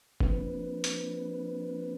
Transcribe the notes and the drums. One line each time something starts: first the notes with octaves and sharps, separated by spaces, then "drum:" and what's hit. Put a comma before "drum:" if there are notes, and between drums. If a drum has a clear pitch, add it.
F3 A#3 C4 D4 B4, drum: kick
drum: hi-hat